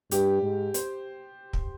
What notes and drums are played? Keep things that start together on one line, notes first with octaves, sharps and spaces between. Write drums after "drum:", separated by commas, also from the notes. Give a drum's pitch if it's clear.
G2 G4, drum: hi-hat
G#2
C5, drum: hi-hat
drum: kick